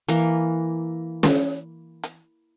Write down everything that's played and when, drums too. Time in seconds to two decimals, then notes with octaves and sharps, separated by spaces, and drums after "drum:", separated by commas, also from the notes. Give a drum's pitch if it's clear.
0.08 E3 A#3, drum: hi-hat
1.23 drum: snare
2.03 drum: hi-hat